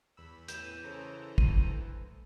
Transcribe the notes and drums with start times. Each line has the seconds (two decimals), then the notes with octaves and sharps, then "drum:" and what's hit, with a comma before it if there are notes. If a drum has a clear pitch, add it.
0.17 E2 B5 E6
0.48 A2 E3 G6 E7, drum: hi-hat
0.84 C#3 A4 C5 A#5
1.38 D2 D#7, drum: kick